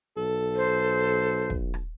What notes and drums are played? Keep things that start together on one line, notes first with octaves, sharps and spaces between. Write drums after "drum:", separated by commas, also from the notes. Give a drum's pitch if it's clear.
B1 A4
C5
drum: kick
drum: rim click